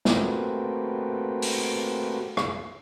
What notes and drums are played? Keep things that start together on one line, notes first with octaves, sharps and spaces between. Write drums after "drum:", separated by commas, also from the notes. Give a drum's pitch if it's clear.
A3 A#3 C4 F#4 G4 B4, drum: snare
drum: open hi-hat
drum: rim click